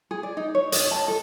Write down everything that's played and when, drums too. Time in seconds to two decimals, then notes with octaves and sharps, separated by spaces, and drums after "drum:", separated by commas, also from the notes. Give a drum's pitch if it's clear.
0.11 G#4
0.23 D5
0.37 D#4
0.55 C#5
0.72 D#5, drum: hi-hat
0.91 A5
1.08 A4